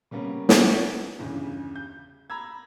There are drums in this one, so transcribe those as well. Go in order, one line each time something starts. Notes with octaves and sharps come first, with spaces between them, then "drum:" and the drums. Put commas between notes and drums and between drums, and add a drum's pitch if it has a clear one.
C#3 G3 A#3 B3 C#4
drum: snare
G1 E2 C#3
G6
A#5 B5 E6 G#6